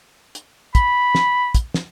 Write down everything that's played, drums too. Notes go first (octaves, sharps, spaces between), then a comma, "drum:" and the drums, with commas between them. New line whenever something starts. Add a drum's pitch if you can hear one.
drum: hi-hat
B5, drum: kick, hi-hat
drum: snare
drum: kick, hi-hat
drum: snare